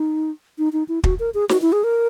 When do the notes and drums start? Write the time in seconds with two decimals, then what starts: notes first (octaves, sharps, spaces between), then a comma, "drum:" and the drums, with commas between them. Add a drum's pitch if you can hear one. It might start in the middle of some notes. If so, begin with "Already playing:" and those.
Already playing: D#4
0.58 D#4
0.73 D#4
0.89 E4
1.04 F#4, drum: kick
1.19 A#4
1.34 G#4
1.49 F#4, drum: snare
1.62 E4
1.72 G#4
1.84 A#4